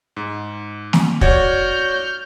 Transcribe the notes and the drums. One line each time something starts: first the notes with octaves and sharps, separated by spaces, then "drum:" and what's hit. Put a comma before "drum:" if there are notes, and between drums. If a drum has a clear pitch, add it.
G#2
drum: snare
F#4 C#5 D5 F6 G6, drum: kick